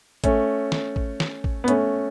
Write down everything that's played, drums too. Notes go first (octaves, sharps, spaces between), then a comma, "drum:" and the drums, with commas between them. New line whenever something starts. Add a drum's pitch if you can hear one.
A3 C#4, drum: kick, hi-hat
drum: snare
drum: kick
drum: snare
drum: kick
B3
A3 C#4, drum: hi-hat